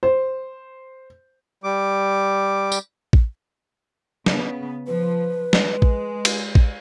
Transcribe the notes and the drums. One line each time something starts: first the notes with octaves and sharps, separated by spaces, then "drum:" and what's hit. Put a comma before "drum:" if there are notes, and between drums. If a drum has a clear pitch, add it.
C5
G3 D6
drum: tambourine
drum: kick A1
C#3 B3, drum: snare
F3 B4
G#3, drum: snare
drum: kick A1
drum: cymbal
drum: kick A1